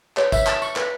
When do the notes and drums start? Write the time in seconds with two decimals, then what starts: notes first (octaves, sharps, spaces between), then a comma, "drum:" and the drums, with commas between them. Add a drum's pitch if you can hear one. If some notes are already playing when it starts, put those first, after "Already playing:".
0.17 B4 C#5, drum: clap
0.32 E5, drum: kick, tambourine
0.47 A5, drum: clap
0.62 C#6, drum: tambourine
0.76 B4, drum: clap